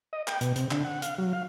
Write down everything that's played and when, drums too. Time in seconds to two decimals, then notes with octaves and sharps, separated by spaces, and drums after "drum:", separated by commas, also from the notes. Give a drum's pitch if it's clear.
0.13 D#5
0.27 G5, drum: clap
0.41 B2, drum: hi-hat
0.56 C3, drum: hi-hat
0.71 D3, drum: clap
0.85 F#5
1.02 F5, drum: hi-hat
1.18 F#3
1.33 F5